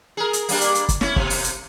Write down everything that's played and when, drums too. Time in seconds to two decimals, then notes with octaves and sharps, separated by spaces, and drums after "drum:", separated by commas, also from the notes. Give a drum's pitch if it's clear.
0.17 G#4 A#4
0.33 drum: hi-hat
0.49 G3 A#3 D4, drum: open hi-hat
0.61 drum: hi-hat
0.75 drum: hi-hat
0.89 drum: kick, hi-hat
1.01 C#4 E4, drum: snare
1.16 B2, drum: kick
1.30 drum: open hi-hat
1.44 drum: hi-hat